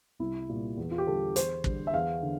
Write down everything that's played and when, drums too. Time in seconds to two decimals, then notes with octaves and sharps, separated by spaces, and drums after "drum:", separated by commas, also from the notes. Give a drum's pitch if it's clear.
0.19 C2 E4
0.49 A#2 G3
0.77 E2
0.91 F4
0.98 G4
1.06 D3 G3 A4
1.36 E2 C5, drum: hi-hat
1.64 D3 G3, drum: kick
1.87 E5
1.93 E2 F5
2.23 D3